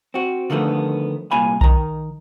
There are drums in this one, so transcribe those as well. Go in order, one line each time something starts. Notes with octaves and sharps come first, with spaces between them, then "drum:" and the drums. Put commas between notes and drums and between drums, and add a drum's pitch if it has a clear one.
C4 F#4
D3 D#3 F3 A3 B3
C2 A#2 G#5 B5
D#3 A#5, drum: kick B1